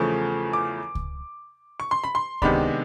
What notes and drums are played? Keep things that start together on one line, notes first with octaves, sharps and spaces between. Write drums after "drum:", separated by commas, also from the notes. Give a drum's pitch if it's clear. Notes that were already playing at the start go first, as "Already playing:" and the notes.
Already playing: E2 C#3 F3 A3 C#6
D6
drum: kick C#2
C#6
C6
B5
C6
C3 D#3 G#3 B3 D4 B5, drum: kick C#2